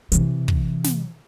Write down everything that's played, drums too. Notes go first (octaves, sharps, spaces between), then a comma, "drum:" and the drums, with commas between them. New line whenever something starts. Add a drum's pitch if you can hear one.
C3 E3, drum: hi-hat
drum: kick
drum: snare